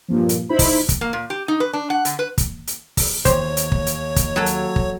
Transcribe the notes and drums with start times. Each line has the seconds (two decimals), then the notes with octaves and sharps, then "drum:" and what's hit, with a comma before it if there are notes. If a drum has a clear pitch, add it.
0.08 G2 A#2 F3
0.29 drum: hi-hat
0.49 D#4 E4 C5 B5
0.59 drum: kick, open hi-hat
0.89 drum: kick, hi-hat
1.01 A#3
1.13 A#2
1.30 G4
1.48 D#4
1.60 B4
1.73 D4
1.90 F#5
2.05 D3, drum: hi-hat
2.19 B4
2.38 drum: kick, hi-hat
2.67 drum: hi-hat
2.97 drum: kick, open hi-hat
3.25 D#2 D#3 B3 C5 C#5, drum: kick, hi-hat
3.57 drum: hi-hat
3.72 drum: kick
3.87 drum: hi-hat
4.16 drum: kick, hi-hat
4.36 F#3 A4
4.46 drum: hi-hat
4.76 drum: kick